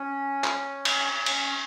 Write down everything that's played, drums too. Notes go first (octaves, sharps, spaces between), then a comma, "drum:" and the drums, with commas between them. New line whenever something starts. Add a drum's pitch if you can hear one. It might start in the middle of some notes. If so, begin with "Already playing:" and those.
Already playing: C#4
drum: clap
drum: cymbal
C#4, drum: cymbal